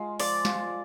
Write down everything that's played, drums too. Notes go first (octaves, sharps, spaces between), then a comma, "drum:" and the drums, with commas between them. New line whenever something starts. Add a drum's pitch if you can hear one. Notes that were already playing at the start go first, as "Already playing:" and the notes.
Already playing: G#3 F4
F3 D5, drum: open hi-hat
F4, drum: snare